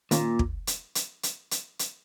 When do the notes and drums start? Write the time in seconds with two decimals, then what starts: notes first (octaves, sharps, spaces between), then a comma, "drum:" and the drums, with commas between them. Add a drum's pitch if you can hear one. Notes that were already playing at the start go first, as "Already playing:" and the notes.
0.11 A#2 D#3 A#3 C#4, drum: hi-hat
0.39 drum: kick
0.67 drum: hi-hat
0.95 drum: hi-hat
1.23 drum: hi-hat
1.51 drum: hi-hat
1.79 drum: hi-hat